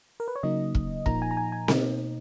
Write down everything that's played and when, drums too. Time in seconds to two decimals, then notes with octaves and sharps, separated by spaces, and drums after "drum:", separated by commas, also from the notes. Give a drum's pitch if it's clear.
0.20 A#4
0.28 B4
0.36 C#5
0.43 C#3 F#3 A#3 D#4 D#5
0.75 drum: kick
1.06 A#2 F3 A#3 D#4 A#5, drum: kick
1.22 G#5
1.31 A#5
1.37 G#5
1.52 G#5
1.68 B2 A#3 D#4, drum: snare C4